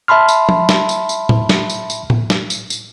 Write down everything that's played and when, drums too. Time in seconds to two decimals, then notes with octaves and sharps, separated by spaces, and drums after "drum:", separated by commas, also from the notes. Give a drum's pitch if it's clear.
0.08 E5 A5 B5 C6 F6
0.28 drum: tambourine
0.49 drum: tom F3
0.69 drum: snare
0.89 drum: tambourine
1.09 drum: tambourine
1.29 drum: tom A2
1.49 drum: snare
1.70 drum: tambourine
1.90 drum: tambourine
2.10 drum: tom A2
2.30 drum: snare
2.50 drum: tambourine
2.70 drum: tambourine